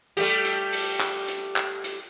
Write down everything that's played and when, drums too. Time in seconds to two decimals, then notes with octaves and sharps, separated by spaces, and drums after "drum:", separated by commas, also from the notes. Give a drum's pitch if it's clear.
0.17 G3 A3 G4, drum: hi-hat
0.45 drum: hi-hat
0.73 drum: open hi-hat
1.00 drum: clap
1.28 drum: hi-hat
1.56 drum: clap
1.84 drum: hi-hat